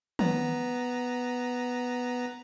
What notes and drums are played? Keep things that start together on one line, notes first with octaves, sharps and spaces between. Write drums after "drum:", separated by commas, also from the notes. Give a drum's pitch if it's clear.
B3 A#5, drum: tom